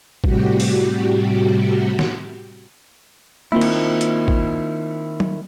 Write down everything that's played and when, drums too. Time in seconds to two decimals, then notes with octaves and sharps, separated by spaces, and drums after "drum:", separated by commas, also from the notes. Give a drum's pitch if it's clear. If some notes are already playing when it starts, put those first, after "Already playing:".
0.24 A2 C3 G3 F#4 G4, drum: kick A1
0.60 drum: open hi-hat
1.99 drum: snare
3.52 D#3 A#3 C4 E4 F4
3.61 drum: cymbal
4.01 drum: hi-hat
4.28 drum: kick A1
5.20 drum: tom F#3